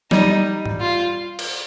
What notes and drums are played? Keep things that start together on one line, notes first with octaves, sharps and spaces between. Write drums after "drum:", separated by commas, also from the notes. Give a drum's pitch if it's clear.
G3 D#4, drum: snare
drum: tom G#2
F4
drum: cymbal